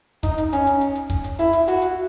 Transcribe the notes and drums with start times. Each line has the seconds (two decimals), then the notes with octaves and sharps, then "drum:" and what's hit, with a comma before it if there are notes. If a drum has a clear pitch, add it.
0.23 D#4, drum: kick, hi-hat
0.38 drum: hi-hat
0.53 C#4, drum: hi-hat
0.67 drum: hi-hat
0.81 drum: hi-hat
0.95 drum: hi-hat
1.10 drum: kick, hi-hat
1.24 drum: hi-hat
1.39 E4, drum: hi-hat
1.53 drum: hi-hat
1.68 F#4, drum: hi-hat
1.81 drum: hi-hat